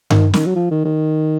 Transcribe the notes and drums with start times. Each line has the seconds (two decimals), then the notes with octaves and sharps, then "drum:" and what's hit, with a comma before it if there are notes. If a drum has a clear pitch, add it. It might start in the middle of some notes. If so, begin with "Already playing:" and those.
0.10 D#3, drum: tom G2
0.34 D#3, drum: snare
0.47 F#3
0.56 F3
0.71 D#3
0.85 D#3